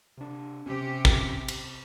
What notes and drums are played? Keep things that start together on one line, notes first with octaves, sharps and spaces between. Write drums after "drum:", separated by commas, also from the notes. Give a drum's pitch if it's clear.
C3 D4
C3 C#4 G4
drum: kick
drum: cymbal